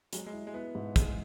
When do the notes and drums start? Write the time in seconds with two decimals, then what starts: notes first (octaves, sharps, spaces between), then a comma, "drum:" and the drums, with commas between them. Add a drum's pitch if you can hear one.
0.13 F#3 G#3, drum: hi-hat
0.26 G#3
0.33 E4
0.47 G#3
0.54 B3 E4
0.75 G#2
0.96 G#2 G#3, drum: kick, hi-hat